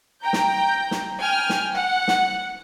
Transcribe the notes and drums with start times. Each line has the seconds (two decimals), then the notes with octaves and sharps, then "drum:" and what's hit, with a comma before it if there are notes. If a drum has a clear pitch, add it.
0.24 G5 A#5 G6
0.33 drum: snare
0.91 drum: snare
1.20 G5 G#5 F6
1.49 drum: snare
1.75 F#5
2.08 drum: snare